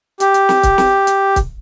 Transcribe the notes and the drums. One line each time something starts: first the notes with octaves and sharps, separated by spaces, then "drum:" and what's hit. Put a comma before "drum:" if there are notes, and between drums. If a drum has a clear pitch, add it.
G4, drum: hi-hat
drum: hi-hat
drum: snare
drum: kick C#1, hi-hat
drum: snare
drum: hi-hat
drum: kick C#1, hi-hat